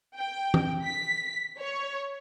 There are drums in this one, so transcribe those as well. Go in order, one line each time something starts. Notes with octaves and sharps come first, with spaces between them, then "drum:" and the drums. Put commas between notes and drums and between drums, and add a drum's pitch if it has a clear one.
G5
drum: tom E3
B6
C#5